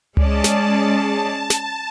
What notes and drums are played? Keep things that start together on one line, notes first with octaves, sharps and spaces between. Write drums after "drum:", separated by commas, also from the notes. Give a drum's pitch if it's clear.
G#3 C#4 G#4 D5 A5, drum: tom C#2
drum: snare
drum: snare